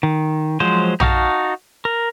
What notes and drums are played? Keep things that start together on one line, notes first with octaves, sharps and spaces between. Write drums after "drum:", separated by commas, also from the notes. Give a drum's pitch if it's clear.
D#3
F3 F#3 G#3 C5
D#4 F#4 F5 A5, drum: tom A#1
A#4